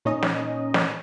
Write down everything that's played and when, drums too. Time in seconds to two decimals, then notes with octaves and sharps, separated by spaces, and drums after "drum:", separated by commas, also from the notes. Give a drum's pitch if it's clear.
0.05 A#2 C#4 D#4 D#5
0.23 drum: snare
0.74 drum: snare